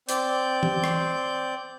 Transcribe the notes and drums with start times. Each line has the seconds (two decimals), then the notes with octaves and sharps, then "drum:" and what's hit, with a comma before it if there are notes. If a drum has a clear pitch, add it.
0.09 C4 D5 G6, drum: hi-hat
0.63 drum: tom E3
0.84 drum: rim click